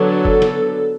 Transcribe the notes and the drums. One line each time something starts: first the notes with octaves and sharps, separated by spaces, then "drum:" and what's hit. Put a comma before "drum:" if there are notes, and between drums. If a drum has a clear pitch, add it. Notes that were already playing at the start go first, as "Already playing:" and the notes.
Already playing: D3 F#3 B3 D4
A4
drum: kick F#1
drum: snare